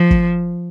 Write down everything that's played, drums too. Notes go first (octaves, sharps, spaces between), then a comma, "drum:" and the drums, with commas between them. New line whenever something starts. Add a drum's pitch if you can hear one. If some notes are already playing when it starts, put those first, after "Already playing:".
Already playing: F3
drum: kick